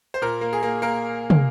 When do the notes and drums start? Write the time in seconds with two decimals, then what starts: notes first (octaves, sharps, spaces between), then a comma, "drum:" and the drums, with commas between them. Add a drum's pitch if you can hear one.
0.14 C5
0.22 A#2 A#4
0.41 A#3
0.53 G#4
0.63 A#3
0.82 A#3 A#4
1.30 drum: tom